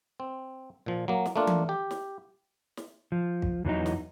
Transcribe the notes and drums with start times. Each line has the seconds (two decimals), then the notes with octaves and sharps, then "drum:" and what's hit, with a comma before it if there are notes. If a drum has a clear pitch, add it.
0.20 C4
0.86 A#2 F3
1.08 F#3 A#3
1.26 drum: snare
1.36 A3 A#3 D4 F4
1.47 drum: tom E3
1.69 G4
1.91 drum: snare
2.77 drum: snare
3.12 F3
3.42 drum: kick
3.65 E2 E3 F#3 D#4
3.86 drum: snare